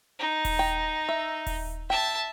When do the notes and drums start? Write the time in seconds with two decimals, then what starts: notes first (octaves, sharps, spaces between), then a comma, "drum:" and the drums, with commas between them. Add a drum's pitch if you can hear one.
0.19 D#4
0.45 drum: kick D#1, open hi-hat
0.59 G5
1.09 E5
1.46 drum: kick D#1, open hi-hat
1.90 E5 G5 A5